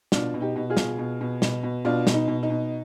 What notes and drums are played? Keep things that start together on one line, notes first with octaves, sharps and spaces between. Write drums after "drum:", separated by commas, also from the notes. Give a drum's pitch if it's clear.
B2 D4 F4, drum: snare
B2
D#4 G4
B2
F4 G#4
B2, drum: snare
B2
B2
B2, drum: snare
B2
B2 D4 F4
B2, drum: snare
D#4
B2
D#4
B2